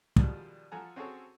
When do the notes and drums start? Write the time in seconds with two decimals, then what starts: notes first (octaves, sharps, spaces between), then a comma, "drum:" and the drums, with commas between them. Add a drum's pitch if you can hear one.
0.16 B2 D#3 F3 G3 G#3, drum: kick
0.72 F3 A4 F#5 G#5 A#5
0.96 C4 C#4 F#4 G#4 A4 C#5